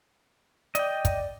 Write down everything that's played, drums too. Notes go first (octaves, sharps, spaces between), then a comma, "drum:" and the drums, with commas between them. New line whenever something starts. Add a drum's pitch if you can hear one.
D5 D#5 G5, drum: hi-hat
drum: kick, hi-hat